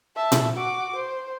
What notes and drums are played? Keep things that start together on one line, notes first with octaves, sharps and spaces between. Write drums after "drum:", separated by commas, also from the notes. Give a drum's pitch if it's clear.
E5 A5
drum: tom A#2
F#4 D6
C5